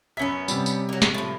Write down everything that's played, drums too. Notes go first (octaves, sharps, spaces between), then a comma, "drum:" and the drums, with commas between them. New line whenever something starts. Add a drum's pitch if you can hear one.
F#2 B3 C#4 E5 B6
C3 G3, drum: tambourine
drum: tambourine
F#3 A#3
drum: snare
A2 F3